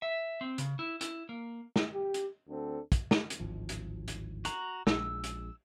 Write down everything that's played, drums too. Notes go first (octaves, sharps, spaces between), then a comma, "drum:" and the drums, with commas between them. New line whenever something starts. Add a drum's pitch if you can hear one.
E5
C4
C#3, drum: hi-hat
E4
E4, drum: hi-hat
A#3
drum: snare
G4
drum: hi-hat
D2 C4 D4 A4
drum: kick, hi-hat
drum: snare
drum: hi-hat
D1 G#1 F3
drum: hi-hat
drum: hi-hat
F#4 A#5, drum: hi-hat
A#1 G#3 E6, drum: snare
drum: hi-hat